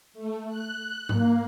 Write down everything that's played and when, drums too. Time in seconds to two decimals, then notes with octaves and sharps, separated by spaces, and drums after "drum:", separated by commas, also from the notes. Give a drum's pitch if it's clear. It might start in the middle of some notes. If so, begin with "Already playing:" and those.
0.14 A3
0.47 F#6
1.09 A#3, drum: tom G#2